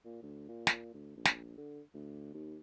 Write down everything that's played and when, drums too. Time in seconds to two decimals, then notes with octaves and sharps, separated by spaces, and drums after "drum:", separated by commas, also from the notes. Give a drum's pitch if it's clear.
0.05 A#2
0.23 D2
0.48 A#2
0.67 drum: snare
0.94 D2
1.16 A#1
1.25 drum: snare
1.58 D3
1.94 D2
2.34 D#2